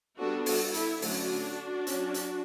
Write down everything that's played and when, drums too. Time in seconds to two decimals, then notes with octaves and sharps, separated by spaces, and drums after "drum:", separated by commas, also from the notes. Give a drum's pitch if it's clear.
0.18 G3 B3 D4 F#4 A4
0.46 F#4 A4, drum: open hi-hat
0.74 E4, drum: hi-hat
1.02 D3 F#3 A3 C#4 D4 F#4, drum: open hi-hat
1.87 F#3 C#4, drum: hi-hat
2.14 drum: hi-hat